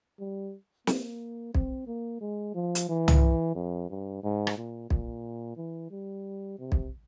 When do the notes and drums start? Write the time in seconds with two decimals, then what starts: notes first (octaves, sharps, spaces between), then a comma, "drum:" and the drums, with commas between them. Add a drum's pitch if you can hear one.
0.19 G3
0.87 A#3, drum: snare
1.55 C4, drum: kick B1
1.87 A#3
2.21 G#3
2.55 F3
2.75 drum: hi-hat
2.89 E3
3.08 drum: tom
3.55 F2
3.90 G2
4.23 G#2
4.47 drum: rim click
4.57 A#2
4.90 A#2, drum: kick B1
5.57 E3
5.91 G3
6.59 C3
6.72 drum: kick B1